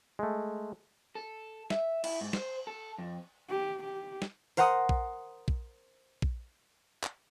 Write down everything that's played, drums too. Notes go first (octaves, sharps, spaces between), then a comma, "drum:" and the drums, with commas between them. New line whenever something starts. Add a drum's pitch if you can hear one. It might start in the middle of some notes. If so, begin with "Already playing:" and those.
G#3 A3
A4
E5, drum: snare
E4, drum: cymbal
G#2
C5, drum: snare
A4
F2
G4
G4
drum: snare
A#4 C5 F#5 A#5 C6 D#6, drum: open hi-hat
drum: kick A#1
drum: kick A#1
drum: kick A#1
drum: clap